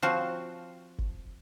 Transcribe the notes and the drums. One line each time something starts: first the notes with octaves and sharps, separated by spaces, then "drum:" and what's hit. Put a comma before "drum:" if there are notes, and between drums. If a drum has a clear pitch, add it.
F3 C4 F#4
drum: kick F#1